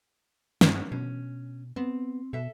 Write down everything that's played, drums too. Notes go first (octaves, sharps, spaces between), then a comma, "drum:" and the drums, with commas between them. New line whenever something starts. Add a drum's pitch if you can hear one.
G2 D4, drum: snare
B2 C#4
B3 C4
B2 A4 E5